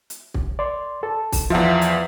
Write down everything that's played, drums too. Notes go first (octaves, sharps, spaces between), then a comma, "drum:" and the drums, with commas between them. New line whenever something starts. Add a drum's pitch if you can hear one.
drum: hi-hat
drum: kick
D5 C6
A4 A5
drum: kick, open hi-hat
E2 F3 F4 E5 F#5
drum: hi-hat